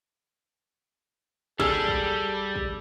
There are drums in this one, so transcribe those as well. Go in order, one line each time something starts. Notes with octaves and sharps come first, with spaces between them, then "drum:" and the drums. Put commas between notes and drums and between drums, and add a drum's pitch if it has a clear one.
G3 G#4 A4 E6, drum: kick
drum: kick
drum: kick